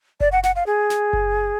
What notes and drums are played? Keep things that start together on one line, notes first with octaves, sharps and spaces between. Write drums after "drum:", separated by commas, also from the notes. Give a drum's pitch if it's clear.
D5, drum: kick F#1
F#5
F#5, drum: snare
F5
G#4
drum: snare
drum: kick F#1